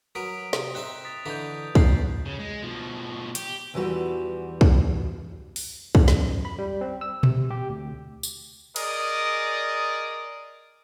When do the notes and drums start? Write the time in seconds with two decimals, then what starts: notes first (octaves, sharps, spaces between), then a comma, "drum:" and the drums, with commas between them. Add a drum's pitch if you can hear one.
0.15 F#3 A#4 B4 D#6 B6 D7
0.53 C3, drum: snare
0.75 C4 D#4 E5 F#6
1.05 D#6 A6 B6
1.26 D3 E3 D#4 G6 B6
1.75 D#4 C7, drum: kick
2.26 C#3
2.39 G#3
2.63 B2 F3
3.35 G4, drum: hi-hat
3.74 E2 E3 F3 G3 F#4 B4
4.61 drum: kick
5.56 drum: open hi-hat
5.95 A1, drum: kick
6.08 F#2, drum: snare
6.45 B5
6.59 G3
6.81 C4
7.01 E6
7.23 C3, drum: tom A#2
7.50 G4
7.69 D2
8.23 drum: tambourine
8.76 G#4 A#4 D5 D#5, drum: cymbal